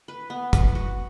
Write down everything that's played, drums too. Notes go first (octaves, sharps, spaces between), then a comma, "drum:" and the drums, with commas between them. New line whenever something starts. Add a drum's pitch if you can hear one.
B4
B3
B4, drum: kick, hi-hat
F#4